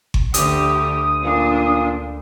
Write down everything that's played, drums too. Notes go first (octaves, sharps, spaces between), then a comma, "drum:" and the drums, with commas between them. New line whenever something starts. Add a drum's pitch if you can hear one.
drum: kick G1
D2 D3 G4 D#6 A#6, drum: hi-hat
A#2 D4